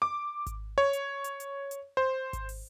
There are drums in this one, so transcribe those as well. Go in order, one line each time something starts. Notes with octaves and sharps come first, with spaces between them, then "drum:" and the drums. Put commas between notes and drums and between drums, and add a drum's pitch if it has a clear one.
D6
drum: kick G#1, hi-hat
C#5
drum: hi-hat
drum: hi-hat
drum: hi-hat
drum: hi-hat
C5
drum: kick G#1, hi-hat
drum: open hi-hat